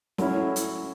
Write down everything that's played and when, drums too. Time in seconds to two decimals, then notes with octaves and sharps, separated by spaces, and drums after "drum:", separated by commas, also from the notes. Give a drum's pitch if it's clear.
0.18 F#3 A3 C#4 E4, drum: snare
0.56 drum: hi-hat